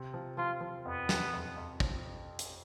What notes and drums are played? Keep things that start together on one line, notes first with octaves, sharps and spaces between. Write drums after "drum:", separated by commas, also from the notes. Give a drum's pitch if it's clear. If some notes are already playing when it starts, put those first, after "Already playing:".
Already playing: C3
F3
F3 F4
F3
F2 B3
F2, drum: snare
F2
F2
F3, drum: kick
drum: hi-hat